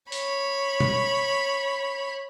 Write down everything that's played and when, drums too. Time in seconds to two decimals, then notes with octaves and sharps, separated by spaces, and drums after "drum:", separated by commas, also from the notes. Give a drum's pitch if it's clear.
0.12 C#5 B5, drum: open hi-hat
0.80 drum: tom B2